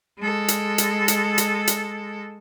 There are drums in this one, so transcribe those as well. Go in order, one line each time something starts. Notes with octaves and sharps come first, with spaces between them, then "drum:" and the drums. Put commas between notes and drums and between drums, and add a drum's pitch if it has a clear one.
G#3 A4
drum: hi-hat
drum: hi-hat
drum: hi-hat
drum: hi-hat
drum: hi-hat